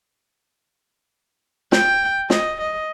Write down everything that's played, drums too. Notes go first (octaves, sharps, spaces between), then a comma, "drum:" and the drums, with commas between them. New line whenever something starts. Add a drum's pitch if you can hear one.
G5, drum: snare
D#5, drum: snare
D#5